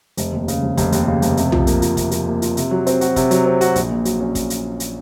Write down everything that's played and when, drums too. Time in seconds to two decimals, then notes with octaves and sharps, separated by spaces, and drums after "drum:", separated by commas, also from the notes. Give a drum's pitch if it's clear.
0.17 F1, drum: hi-hat
0.33 D#2
0.48 C#3, drum: hi-hat
0.62 F1
0.77 F1, drum: kick, hi-hat
0.92 D#2, drum: hi-hat
1.07 C#3
1.22 F1, drum: hi-hat
1.37 C3, drum: hi-hat
1.52 F3, drum: tom B1
1.67 A#3, drum: hi-hat
1.82 F4, drum: hi-hat
1.97 C3, drum: kick, hi-hat
2.11 F3, drum: hi-hat
2.26 A#3
2.42 F4, drum: hi-hat
2.57 C3, drum: hi-hat
2.71 F#3
2.87 C4, drum: hi-hat
3.01 F#4, drum: hi-hat
3.16 C3, drum: kick, hi-hat
3.31 F#3, drum: hi-hat
3.46 C4
3.61 F#4, drum: hi-hat
3.76 A#1, drum: hi-hat
3.91 A#2
4.05 F#3, drum: hi-hat
4.20 C#4
4.35 drum: kick, hi-hat
4.50 drum: hi-hat
4.80 drum: hi-hat